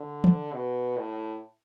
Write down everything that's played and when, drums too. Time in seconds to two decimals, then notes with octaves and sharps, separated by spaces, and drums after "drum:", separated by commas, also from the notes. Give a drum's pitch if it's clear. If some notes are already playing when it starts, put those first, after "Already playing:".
Already playing: D3
0.24 drum: tom E3
0.54 B2
0.98 A2